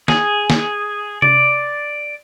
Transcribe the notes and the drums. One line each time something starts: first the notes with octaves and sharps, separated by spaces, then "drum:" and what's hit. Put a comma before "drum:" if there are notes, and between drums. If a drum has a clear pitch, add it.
G#4, drum: snare
drum: snare
D5, drum: tom C3